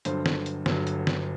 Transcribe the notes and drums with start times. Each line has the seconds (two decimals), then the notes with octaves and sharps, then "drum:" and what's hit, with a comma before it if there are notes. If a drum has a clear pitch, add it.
0.05 G1 G2 D3 F#3 C5, drum: hi-hat
0.26 drum: snare
0.46 drum: hi-hat
0.66 G1 G2 D3 F#3, drum: snare
0.87 drum: hi-hat
1.07 drum: snare